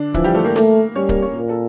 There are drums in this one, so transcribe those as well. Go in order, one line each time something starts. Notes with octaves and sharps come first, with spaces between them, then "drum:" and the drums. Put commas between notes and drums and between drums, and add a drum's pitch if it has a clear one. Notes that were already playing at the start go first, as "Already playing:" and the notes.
Already playing: D3 D4
E3 F3 E4, drum: kick C#1
G3 G4
A3 A4
A#3 A#4
A3, drum: snare
G3 C#4 C#5
A#3 A#4, drum: kick C#1
C#4 C#5
A#2 A#4
A4